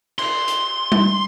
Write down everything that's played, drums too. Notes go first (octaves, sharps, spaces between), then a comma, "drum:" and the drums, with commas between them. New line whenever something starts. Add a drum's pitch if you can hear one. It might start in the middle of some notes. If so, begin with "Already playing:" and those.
C6, drum: cymbal
drum: hi-hat
drum: tom G3